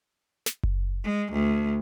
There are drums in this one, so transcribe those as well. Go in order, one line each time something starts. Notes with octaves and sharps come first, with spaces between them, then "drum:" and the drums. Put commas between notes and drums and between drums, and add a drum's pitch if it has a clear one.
drum: snare
drum: kick F#1
G#3
D2